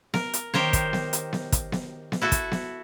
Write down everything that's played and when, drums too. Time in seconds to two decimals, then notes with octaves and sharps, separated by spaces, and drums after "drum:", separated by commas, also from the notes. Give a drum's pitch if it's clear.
0.14 A#4, drum: snare B3
0.33 drum: hi-hat
0.54 D#3 G4 A#4 C5 C#5, drum: snare B3
0.73 drum: kick, hi-hat
0.93 drum: snare B3
1.13 drum: hi-hat
1.33 drum: snare B3
1.52 drum: kick, hi-hat
1.72 drum: snare B3
2.12 drum: snare B3
2.22 E4 F#4 A4
2.32 drum: kick, hi-hat
2.52 drum: snare B3